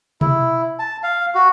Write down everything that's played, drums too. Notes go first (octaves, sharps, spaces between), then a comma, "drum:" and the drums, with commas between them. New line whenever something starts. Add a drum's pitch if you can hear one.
E4, drum: tom B2
A5
F5
F#4